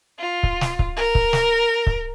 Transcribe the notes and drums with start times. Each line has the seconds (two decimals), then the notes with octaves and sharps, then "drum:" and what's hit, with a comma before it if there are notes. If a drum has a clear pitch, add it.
0.18 F4
0.43 drum: kick C#1
0.61 drum: snare
0.79 drum: kick C#1
0.97 A#4
1.15 drum: kick C#1
1.33 drum: snare
1.87 drum: kick C#1